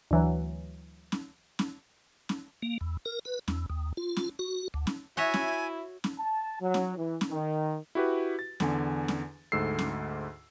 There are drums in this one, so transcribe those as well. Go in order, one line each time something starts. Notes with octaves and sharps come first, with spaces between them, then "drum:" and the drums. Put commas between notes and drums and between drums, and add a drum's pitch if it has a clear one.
D2 E3 F#3
drum: snare
drum: snare
drum: snare
A#3
E2
A#4
B4
E2, drum: snare
D#2
F4
drum: snare
F#4
D2
drum: snare
E4 F#4 C#5 E5 G#5
drum: snare
drum: snare
A5
F#3
drum: snare
E3
drum: snare
D#3
E4 F#4 G4 B4
A6
E2 D3 G#5, drum: snare
drum: snare
D2 G#2 A4 E6 C7
drum: snare